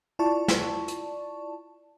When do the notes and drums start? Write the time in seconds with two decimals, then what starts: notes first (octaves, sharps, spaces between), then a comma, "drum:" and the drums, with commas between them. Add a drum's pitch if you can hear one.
0.19 E4 F4 D5 A5 C#6
0.48 drum: snare
0.88 drum: hi-hat